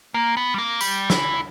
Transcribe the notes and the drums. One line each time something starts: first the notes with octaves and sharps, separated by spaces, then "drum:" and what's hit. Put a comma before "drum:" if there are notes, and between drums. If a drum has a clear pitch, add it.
A#3
B3
G3
A#3
G3, drum: tambourine
E3, drum: snare